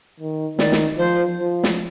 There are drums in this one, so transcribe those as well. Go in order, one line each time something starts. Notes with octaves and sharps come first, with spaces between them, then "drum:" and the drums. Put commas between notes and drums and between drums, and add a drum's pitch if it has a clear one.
D#3
D#3 D5, drum: snare
drum: snare
F3 C5
F3
drum: snare